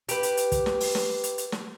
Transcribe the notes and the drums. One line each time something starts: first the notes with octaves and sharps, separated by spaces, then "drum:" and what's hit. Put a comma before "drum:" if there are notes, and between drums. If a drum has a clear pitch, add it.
G4 B4, drum: hi-hat
drum: hi-hat
drum: hi-hat
drum: kick, hi-hat
drum: snare
drum: open hi-hat
drum: snare
drum: hi-hat
drum: hi-hat
drum: snare